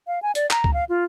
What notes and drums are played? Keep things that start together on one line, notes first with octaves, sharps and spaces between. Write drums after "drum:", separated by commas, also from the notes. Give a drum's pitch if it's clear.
F5
G#5
D5, drum: hi-hat
A#5, drum: clap
drum: kick C#2
F5
F4